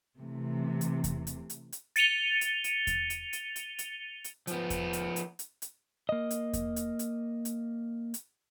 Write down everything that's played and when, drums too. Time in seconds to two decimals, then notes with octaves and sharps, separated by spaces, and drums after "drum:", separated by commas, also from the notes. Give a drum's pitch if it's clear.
0.19 C3 E3 A3
0.81 drum: hi-hat
1.04 drum: kick E2, hi-hat
1.27 drum: hi-hat
1.50 drum: hi-hat
1.72 drum: hi-hat
1.96 A6 C#7 D#7 F7 G7, drum: hi-hat
2.41 drum: hi-hat
2.64 drum: hi-hat
2.87 drum: kick E2, hi-hat
3.10 drum: hi-hat
3.33 drum: hi-hat
3.56 drum: hi-hat
3.79 drum: hi-hat
4.24 drum: hi-hat
4.47 F3 B3, drum: hi-hat
4.70 drum: kick E2, hi-hat
4.93 drum: hi-hat
5.16 drum: hi-hat
5.39 drum: hi-hat
5.62 drum: hi-hat
6.09 A#3 D#5
6.31 drum: hi-hat
6.53 drum: kick E2, hi-hat
6.76 drum: hi-hat
6.99 drum: hi-hat
7.45 drum: hi-hat
8.14 drum: hi-hat